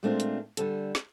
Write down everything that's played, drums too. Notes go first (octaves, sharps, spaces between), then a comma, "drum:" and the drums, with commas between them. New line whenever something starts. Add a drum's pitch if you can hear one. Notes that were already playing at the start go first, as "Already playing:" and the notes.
A#2 G#3 A3 C4 D4 F4
drum: hi-hat
D3 G3 A4, drum: hi-hat
drum: snare